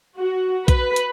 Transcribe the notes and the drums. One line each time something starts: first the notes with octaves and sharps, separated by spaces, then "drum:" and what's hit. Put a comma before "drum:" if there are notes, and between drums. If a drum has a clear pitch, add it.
F#4
B4, drum: kick A#1, hi-hat
drum: hi-hat